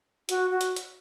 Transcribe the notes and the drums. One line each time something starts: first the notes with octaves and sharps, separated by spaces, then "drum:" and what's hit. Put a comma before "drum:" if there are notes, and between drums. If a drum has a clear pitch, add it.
F#4, drum: hi-hat
F#4
drum: hi-hat
drum: hi-hat